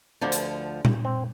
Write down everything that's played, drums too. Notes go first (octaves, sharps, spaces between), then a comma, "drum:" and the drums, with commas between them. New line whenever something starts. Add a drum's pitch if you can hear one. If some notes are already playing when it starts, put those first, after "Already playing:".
D2 D3 F3 D4
drum: hi-hat
drum: tom A#2
C4